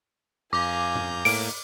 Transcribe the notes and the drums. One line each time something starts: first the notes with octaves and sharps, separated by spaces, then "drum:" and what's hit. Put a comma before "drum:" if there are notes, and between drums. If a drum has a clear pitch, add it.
F2 F5 G#5 A#5 D6 G6
drum: tom
A2 A#3 D7, drum: open hi-hat